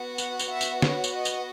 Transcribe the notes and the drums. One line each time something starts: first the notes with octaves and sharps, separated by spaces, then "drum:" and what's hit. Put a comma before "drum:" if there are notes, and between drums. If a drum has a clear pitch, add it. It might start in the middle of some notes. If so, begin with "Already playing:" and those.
Already playing: B3 F#4
F#5, drum: tambourine
drum: tambourine
E5
drum: tambourine
C#5, drum: snare
drum: tambourine
D#5
drum: tambourine